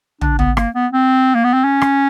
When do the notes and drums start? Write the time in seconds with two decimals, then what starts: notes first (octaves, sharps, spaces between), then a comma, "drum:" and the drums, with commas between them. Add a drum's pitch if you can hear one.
0.21 D4, drum: tom
0.39 B3, drum: tom
0.57 A#3, drum: rim click
0.75 B3
0.93 C4
1.35 A#3
1.45 B3
1.53 C4
1.64 C#4
1.82 drum: rim click